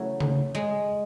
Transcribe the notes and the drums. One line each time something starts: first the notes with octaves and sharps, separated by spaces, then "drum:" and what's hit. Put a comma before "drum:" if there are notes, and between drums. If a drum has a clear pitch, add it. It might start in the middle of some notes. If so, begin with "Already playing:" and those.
Already playing: C#3 E3 F#3 A3
drum: tom C#3
G#3